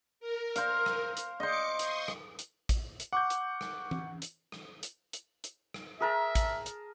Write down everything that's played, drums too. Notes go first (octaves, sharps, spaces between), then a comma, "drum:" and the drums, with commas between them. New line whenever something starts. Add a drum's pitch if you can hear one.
A#4
C5 F5, drum: hi-hat
drum: rim click
drum: hi-hat
C5 D#5 D6 C#7
C6 C#6 D#6, drum: hi-hat
drum: rim click
drum: hi-hat
drum: kick, hi-hat
drum: hi-hat
F#5 C#6 D6 G6
drum: hi-hat
drum: rim click
drum: tom E3
drum: hi-hat
drum: rim click
drum: hi-hat
drum: hi-hat
drum: hi-hat
drum: rim click
G#4 A#4 E5 A5
drum: kick, hi-hat
drum: hi-hat